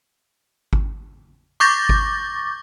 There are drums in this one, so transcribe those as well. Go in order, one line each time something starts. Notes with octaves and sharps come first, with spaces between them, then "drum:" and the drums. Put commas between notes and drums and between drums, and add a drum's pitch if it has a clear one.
drum: kick G#1
C#6 D6 G6 A6 A#6
drum: kick G#1